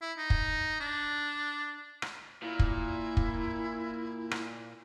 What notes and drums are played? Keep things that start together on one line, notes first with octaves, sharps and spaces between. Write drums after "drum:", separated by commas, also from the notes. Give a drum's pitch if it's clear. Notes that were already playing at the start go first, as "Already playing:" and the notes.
E4
D#4
drum: kick
D4
drum: rim click
A#2 E4
drum: kick
drum: kick
drum: rim click